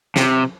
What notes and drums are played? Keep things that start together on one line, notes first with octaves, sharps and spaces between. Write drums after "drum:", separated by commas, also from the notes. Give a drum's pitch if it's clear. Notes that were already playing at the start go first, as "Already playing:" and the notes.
C3, drum: snare